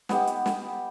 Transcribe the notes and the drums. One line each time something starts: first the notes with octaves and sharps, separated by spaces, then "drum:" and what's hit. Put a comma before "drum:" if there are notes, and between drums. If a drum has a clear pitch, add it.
B3 D#4 G4, drum: snare
drum: hi-hat
drum: snare